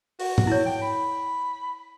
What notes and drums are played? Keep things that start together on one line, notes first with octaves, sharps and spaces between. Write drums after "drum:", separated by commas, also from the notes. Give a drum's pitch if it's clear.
F#4, drum: open hi-hat
drum: tom G#2
E4 C#5
G5
B5